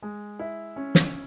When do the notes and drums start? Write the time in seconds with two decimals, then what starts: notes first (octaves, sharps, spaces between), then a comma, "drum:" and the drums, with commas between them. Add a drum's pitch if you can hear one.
0.02 G#3
0.39 E4
0.76 C#4
0.95 drum: snare